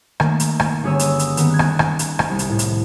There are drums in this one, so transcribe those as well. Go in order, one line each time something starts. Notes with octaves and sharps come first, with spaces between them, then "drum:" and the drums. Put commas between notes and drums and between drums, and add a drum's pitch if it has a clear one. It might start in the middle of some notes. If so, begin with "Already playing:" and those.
D#3 A3 A#3, drum: rim click
drum: hi-hat
drum: rim click
G1 C#4 G#4 C#5 E6 D#7
drum: hi-hat
drum: hi-hat
D#3 B3, drum: hi-hat
F#6 G#6
drum: rim click
drum: rim click
drum: hi-hat
drum: rim click
C2
drum: hi-hat
A2
drum: hi-hat